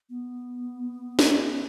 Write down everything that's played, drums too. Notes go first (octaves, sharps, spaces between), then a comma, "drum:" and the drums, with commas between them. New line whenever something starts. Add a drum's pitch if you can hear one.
B3
drum: snare